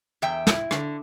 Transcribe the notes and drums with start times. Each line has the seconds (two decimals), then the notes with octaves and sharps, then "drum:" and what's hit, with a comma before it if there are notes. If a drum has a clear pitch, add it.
0.22 E2 E5 G5
0.47 E4, drum: snare
0.71 D3, drum: rim click